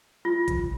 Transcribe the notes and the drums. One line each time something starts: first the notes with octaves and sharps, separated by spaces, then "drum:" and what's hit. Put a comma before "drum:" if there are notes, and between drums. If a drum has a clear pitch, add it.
F4
drum: kick A1, hi-hat